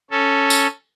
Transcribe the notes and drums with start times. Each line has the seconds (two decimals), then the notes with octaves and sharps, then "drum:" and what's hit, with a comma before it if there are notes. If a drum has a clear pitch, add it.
0.11 C#4 A4
0.50 drum: tambourine